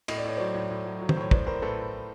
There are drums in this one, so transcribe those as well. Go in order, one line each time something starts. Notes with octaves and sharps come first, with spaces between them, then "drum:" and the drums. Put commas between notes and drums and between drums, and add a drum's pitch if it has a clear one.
A2 D#5, drum: cymbal
D5
A2 C#5
F#3 C5 D5
A2
A2
F#3
F#3
C5, drum: tom
A2 C#5
A2 C5 D5, drum: kick
A2 A#4 C5
A2 A4 B4